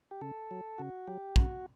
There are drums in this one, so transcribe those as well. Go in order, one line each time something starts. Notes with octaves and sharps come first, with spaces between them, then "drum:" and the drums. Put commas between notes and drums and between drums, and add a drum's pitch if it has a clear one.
G4
C#3 A4
F#3
C#3 F#4
F#3 G4
C#3 F#4, drum: kick